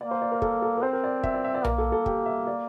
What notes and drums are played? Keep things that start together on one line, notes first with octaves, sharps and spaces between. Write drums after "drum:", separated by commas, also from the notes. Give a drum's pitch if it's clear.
A#3 D5
C5
D5
A#4
A4, drum: kick
A4
A#4
C4 C5
A#4
D5
E5, drum: kick
D5
E5
D5
A#3 A#4, drum: tom B1
A4
A4
G4, drum: kick
E5
D5